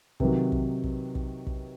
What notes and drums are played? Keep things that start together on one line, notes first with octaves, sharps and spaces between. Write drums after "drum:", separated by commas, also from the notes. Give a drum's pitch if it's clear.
C3 D#3 F#3 B4, drum: kick
drum: kick
drum: kick
drum: kick
drum: kick